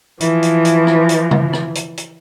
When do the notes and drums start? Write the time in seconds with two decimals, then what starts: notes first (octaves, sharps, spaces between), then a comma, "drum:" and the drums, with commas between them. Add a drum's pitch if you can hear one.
0.20 E3 F3, drum: hi-hat
0.43 drum: hi-hat
0.65 drum: hi-hat
0.87 drum: rim click
1.09 drum: hi-hat
1.31 drum: tom C#3
1.53 drum: rim click
1.75 drum: hi-hat
1.97 drum: hi-hat